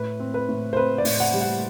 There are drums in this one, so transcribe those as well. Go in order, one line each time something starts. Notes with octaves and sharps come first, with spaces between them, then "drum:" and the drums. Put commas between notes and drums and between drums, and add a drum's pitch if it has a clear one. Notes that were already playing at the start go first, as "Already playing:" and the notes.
Already playing: A2 B4
C4
B4
A2
C5
C4 B4
D5
A2, drum: open hi-hat
F#5
G3
F#5